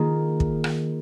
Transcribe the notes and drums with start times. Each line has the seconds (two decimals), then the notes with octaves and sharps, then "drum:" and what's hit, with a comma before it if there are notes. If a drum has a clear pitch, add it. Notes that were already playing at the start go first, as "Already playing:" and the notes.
Already playing: D#3 A#3 F4 G#4
0.40 drum: kick
0.64 drum: rim click